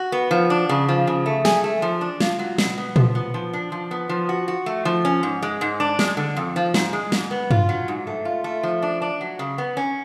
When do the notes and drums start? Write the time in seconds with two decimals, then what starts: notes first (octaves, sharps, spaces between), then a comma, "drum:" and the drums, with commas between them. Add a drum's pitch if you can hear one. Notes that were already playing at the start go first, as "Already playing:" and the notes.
Already playing: F#4
0.12 B3
0.31 F3
0.50 D4
0.69 C#3
0.89 F3
1.07 C#3
1.26 A3
1.45 G#4, drum: snare
1.64 A3
1.82 F3
2.01 D4
2.20 F4, drum: snare
2.39 F#3
2.58 B2, drum: snare
2.78 B3
2.96 F3, drum: tom A#2
3.15 B3
3.34 F3
3.53 D4
3.72 F3
3.91 B3
4.09 F3
4.29 F#4
4.48 F#4
4.66 A3
4.85 F3
5.05 C#4
5.23 G#2
5.42 G#3
5.61 G#2
5.80 D4
5.99 G#3, drum: snare
6.17 D3
6.36 F2
6.56 F3
6.74 G#2, drum: snare
6.93 G#3
7.12 G#2, drum: snare
7.31 B3
7.51 F4, drum: tom G2
7.69 F#3
7.88 G#2
8.07 A3
8.25 F4
8.44 A3
8.63 F3
8.82 D4
9.02 D4
9.21 F#3
9.39 C#3
9.58 B3
9.77 C#4